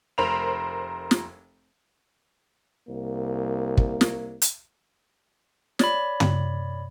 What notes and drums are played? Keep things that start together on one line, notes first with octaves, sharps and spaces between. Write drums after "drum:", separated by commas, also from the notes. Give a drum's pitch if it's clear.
F1 A#4 C5 B5 F7
drum: snare
C2 A#3
drum: kick
drum: snare
drum: hi-hat
C#5 D5 B5, drum: snare
drum: tom